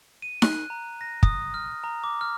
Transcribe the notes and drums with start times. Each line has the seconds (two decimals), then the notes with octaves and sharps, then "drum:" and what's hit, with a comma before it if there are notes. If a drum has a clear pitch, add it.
0.22 D#7
0.42 F#6, drum: snare D#4
0.70 A#5
1.01 A#6
1.23 D#6, drum: kick
1.54 F6
1.84 A#5
2.04 D6
2.21 F6